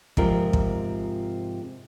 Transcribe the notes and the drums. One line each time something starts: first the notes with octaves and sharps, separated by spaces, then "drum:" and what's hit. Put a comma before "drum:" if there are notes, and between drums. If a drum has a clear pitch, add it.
G#2 C3 F3 F4 A#4, drum: kick
drum: kick